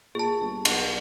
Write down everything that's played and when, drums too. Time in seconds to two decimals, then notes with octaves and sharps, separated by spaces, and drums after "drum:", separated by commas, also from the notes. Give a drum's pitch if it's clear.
0.15 A#2 G#4 A5
0.40 G1
0.65 B1, drum: cymbal